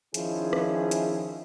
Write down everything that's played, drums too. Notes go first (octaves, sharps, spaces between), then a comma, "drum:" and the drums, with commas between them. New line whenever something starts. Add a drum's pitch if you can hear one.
D#3 F3 C#4 E4 G#4, drum: hi-hat
drum: rim click
drum: hi-hat